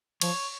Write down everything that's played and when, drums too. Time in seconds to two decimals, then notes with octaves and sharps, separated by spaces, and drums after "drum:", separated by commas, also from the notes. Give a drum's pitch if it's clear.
0.21 F3 C#5, drum: cymbal